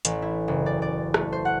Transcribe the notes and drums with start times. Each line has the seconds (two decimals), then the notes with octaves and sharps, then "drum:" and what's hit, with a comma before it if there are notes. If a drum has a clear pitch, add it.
0.05 A1, drum: hi-hat
0.22 E4
0.48 F#1
0.66 D5
0.82 D5
1.14 A3, drum: rim click
1.32 C5
1.45 F#5